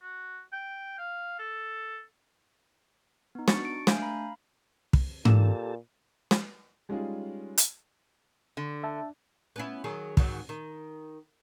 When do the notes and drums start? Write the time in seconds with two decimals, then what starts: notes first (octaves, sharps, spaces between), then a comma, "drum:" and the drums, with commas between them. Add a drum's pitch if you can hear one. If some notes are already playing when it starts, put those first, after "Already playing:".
0.02 F#4
0.53 G5
0.98 F5
1.39 A4
3.35 B3 D#4
3.48 D4 F#4 C#6 A6 C#7, drum: snare
3.65 D7
3.87 A3 D4 F5 G#5 G6, drum: snare
4.02 F5 A#5 B5
4.93 drum: kick
5.25 A#2 G4 A4 A5, drum: tom G#2
6.31 drum: snare
6.89 G3 G#3 C#4 D#4 F4 G#4
7.58 drum: hi-hat
8.57 D3
8.83 E5 A5
9.56 B3 C#4 E4
9.84 D#3 F#3 G#4
10.17 G#2 D#3 F#3, drum: kick
10.49 D#3